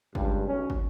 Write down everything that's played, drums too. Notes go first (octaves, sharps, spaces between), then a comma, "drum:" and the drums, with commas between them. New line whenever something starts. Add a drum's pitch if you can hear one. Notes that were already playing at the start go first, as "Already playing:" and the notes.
C#2 G2, drum: kick
B1 C#4
drum: kick